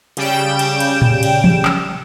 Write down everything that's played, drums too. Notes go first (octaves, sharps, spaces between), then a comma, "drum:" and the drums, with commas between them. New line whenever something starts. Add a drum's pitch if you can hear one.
C#3 G3 G5 D7 E7, drum: cymbal
drum: cymbal
drum: cymbal
drum: tom A2
drum: cymbal
drum: tom E3
drum: clap